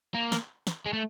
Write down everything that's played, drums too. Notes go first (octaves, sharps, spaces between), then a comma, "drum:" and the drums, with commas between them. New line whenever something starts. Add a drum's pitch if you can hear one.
A#3
drum: snare
drum: snare
G#3
A3